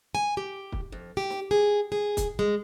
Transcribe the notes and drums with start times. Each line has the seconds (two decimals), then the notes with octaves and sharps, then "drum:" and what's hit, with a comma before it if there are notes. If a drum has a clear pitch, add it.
0.15 G#5
0.37 G4
0.72 drum: kick
0.92 F2
1.17 G4
1.30 drum: snare
1.51 G#4
1.92 G#4
2.17 drum: kick, hi-hat
2.39 G#3